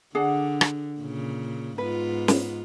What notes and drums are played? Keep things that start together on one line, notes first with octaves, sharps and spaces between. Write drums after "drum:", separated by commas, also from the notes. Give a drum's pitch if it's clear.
D3 D4 G#4 F#5
drum: rim click
A#2 C#3
G#2 B3 F4 B4
drum: snare